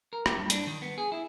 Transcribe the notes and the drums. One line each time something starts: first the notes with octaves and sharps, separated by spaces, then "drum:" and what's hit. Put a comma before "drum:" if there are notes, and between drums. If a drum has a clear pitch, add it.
A#4
G4, drum: rim click
G2
D4, drum: hi-hat
D#3
B3
G#4
E4